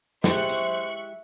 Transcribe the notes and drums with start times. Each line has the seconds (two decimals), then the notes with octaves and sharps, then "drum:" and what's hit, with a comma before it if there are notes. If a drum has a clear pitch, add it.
0.24 G#3 E4 G4 C5 E5 C#6 F#6, drum: snare
0.49 drum: hi-hat